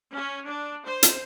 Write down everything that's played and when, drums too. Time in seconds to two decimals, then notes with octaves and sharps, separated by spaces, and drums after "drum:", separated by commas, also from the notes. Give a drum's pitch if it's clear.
0.13 C#4
0.46 D4
0.87 C5
1.03 drum: hi-hat